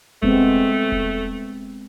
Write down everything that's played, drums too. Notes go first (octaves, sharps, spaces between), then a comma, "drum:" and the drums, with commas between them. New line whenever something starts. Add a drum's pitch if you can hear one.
G#3 A3 B3 C4, drum: kick E1
drum: kick E1